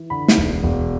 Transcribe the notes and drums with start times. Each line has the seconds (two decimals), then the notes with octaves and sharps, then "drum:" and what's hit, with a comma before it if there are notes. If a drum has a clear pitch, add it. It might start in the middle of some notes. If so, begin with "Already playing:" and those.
Already playing: E3
0.10 D3 B5
0.28 drum: snare
0.38 E1
0.63 E1